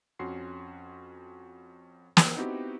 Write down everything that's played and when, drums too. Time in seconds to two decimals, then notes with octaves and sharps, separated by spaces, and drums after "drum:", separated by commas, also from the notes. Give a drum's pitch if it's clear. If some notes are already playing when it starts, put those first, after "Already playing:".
0.19 F2 C#4 F#4 C6 C7
2.17 C5 G5 C6, drum: snare
2.36 B3 C4 D#4 E4 F#4 G4